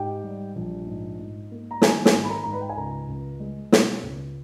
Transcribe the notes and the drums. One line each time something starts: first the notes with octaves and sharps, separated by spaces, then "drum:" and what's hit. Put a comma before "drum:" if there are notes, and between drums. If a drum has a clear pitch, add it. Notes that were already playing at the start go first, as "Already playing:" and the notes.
Already playing: G#2 G4 G5
G3
A#1
G#2
G#2
A#3
A#5
D#3 G#4 G#5, drum: snare
G#4 G#5, drum: snare
G#2
B5
A#4 A#5
G#2 A#5
B4 B5
G5
G#5
C#2 A#4 A#5
C#2
G#3
B2, drum: snare
C#2